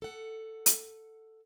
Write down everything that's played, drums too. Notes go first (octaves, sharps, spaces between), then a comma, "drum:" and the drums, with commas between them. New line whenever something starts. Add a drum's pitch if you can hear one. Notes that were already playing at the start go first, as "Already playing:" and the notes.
A4 F#5
drum: hi-hat